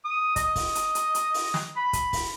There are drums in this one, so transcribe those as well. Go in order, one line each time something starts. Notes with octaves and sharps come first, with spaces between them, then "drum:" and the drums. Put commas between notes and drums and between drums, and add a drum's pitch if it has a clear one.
D#6
D#5, drum: kick, hi-hat
drum: kick, open hi-hat
drum: hi-hat
drum: hi-hat
drum: hi-hat
drum: open hi-hat
drum: snare
B5
drum: kick, hi-hat
drum: kick, open hi-hat